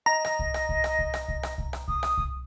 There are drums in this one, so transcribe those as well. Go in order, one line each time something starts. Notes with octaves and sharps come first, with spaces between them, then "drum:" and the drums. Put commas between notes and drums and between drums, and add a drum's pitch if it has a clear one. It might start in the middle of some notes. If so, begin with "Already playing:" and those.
D#5 A#5
drum: rim click
drum: kick C2
drum: rim click
drum: kick C2
drum: rim click
drum: kick C2
drum: rim click
drum: kick C2
drum: rim click
drum: kick C2
drum: rim click
D#6, drum: kick C2
drum: rim click
drum: kick C2